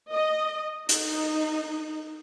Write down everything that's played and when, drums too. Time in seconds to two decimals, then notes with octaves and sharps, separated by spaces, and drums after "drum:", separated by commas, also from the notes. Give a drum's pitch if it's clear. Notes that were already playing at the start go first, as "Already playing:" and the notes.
0.13 D#5
0.89 D#4, drum: hi-hat